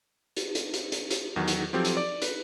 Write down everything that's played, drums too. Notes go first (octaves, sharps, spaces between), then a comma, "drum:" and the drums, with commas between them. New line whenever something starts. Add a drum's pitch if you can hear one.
drum: hi-hat
drum: hi-hat
drum: hi-hat
drum: hi-hat
drum: hi-hat
E2 D#3 F#3
drum: hi-hat
F3 F#3 C4 G4 A4
drum: hi-hat
D5 D6
B4, drum: hi-hat